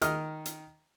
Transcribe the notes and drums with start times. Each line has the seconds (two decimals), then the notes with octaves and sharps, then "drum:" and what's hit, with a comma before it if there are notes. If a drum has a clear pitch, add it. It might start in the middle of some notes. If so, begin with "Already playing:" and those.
0.02 D#3 D#5 F6, drum: hi-hat
0.45 drum: hi-hat